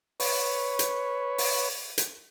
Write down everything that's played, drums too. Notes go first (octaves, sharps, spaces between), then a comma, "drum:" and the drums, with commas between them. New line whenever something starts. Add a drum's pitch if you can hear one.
B4 C#5, drum: open hi-hat
drum: hi-hat
drum: open hi-hat
drum: hi-hat